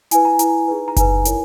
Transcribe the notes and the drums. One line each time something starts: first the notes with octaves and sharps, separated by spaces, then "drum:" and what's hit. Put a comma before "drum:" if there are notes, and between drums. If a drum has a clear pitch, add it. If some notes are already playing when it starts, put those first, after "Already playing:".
E4 B4 G#5, drum: hi-hat
A#5
E4 B4 A#5, drum: hi-hat
D#4 G#4 B4
A#5
D#4 G#4 B4 G#5, drum: kick F#1, hi-hat
E4 A#4 C#5, drum: hi-hat